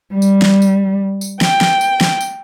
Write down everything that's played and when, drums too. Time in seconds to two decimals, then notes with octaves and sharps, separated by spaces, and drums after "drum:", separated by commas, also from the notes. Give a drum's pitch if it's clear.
0.13 G3
0.22 drum: tambourine
0.42 drum: snare
0.62 drum: tambourine
1.21 drum: tambourine
1.41 G5, drum: snare
1.61 drum: snare
1.81 drum: tambourine
2.01 drum: snare
2.21 drum: tambourine